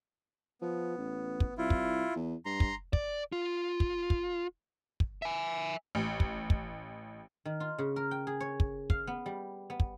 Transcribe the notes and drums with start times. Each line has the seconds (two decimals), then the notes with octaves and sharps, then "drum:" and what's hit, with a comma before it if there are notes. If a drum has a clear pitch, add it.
0.62 F3 B3
0.97 A1
1.40 drum: kick
1.58 C2 E4 F4
1.70 drum: kick
2.16 E2
2.45 G2 A#5 C6
2.60 drum: kick
2.93 D5, drum: kick
3.32 F4
3.80 drum: kick
4.10 drum: kick
5.00 drum: kick
5.22 E5 G#5
5.95 A1
6.20 drum: kick
6.50 drum: kick
7.45 D#3
7.60 F4
7.79 C#3
7.96 A#4
8.11 G5
8.27 G#4
8.40 C#5
8.60 drum: kick
8.90 F5, drum: kick
9.07 B3
9.26 G3
9.70 B3
9.80 drum: kick